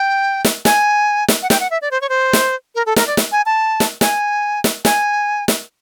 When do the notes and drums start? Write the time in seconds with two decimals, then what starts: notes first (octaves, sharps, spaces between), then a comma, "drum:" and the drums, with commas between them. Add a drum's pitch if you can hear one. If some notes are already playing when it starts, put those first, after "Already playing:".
Already playing: G5
0.45 drum: snare
0.65 G#5, drum: snare
1.28 drum: snare
1.42 F#5
1.50 G5, drum: snare
1.60 F#5
1.71 E5
1.81 D5
1.91 C5
2.01 C#5
2.09 C5
2.33 drum: snare
2.75 A#4
2.86 A4
2.96 A#4, drum: snare
3.07 D5
3.17 drum: snare
3.32 G#5
3.46 A5
3.80 drum: snare
4.01 G#5, drum: snare
4.64 drum: snare
4.85 G#5, drum: snare
5.48 drum: snare